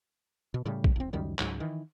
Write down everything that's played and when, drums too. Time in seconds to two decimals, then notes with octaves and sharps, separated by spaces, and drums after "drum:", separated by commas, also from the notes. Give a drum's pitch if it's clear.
0.54 B2
0.66 A2 C#3 G3
0.84 drum: kick A#1
0.96 D#1 C4
1.13 C#2 F#2 D#3 G3
1.39 C#2 G#2 F#3, drum: clap
1.60 D#3 E3